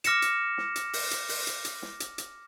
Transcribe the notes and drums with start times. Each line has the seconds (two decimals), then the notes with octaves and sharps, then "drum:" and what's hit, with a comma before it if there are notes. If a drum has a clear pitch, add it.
0.04 D6 F6 A#6 C#7 E7, drum: hi-hat
0.22 drum: hi-hat
0.58 drum: snare
0.76 drum: hi-hat
0.93 drum: open hi-hat
1.11 drum: hi-hat
1.29 drum: open hi-hat
1.47 drum: hi-hat
1.65 drum: hi-hat
1.82 drum: snare
2.00 drum: hi-hat
2.18 drum: hi-hat